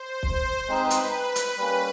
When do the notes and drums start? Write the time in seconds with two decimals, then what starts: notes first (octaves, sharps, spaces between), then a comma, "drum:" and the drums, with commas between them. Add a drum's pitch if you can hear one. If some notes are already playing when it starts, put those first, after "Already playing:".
Already playing: C5
0.23 drum: kick
0.68 G#3 C4 D#4 G#4 B4
0.90 drum: hi-hat
1.36 drum: hi-hat
1.58 G3 A#3 C#4